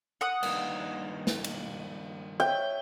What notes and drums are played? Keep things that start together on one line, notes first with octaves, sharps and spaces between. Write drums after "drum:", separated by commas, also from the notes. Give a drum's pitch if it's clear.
F#5 D#6
G2 D#3 A#3, drum: cymbal
drum: snare
drum: cymbal
C#5 E5 G5